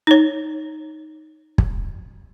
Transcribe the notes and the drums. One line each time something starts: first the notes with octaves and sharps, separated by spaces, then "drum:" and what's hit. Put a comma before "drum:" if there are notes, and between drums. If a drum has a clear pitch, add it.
D#4 C#5
drum: kick